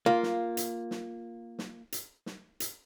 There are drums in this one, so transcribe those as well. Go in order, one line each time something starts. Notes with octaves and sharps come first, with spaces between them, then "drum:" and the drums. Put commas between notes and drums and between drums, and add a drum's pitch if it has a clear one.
A#3 F4
drum: snare
drum: hi-hat
drum: snare
drum: snare
drum: hi-hat
drum: snare
drum: hi-hat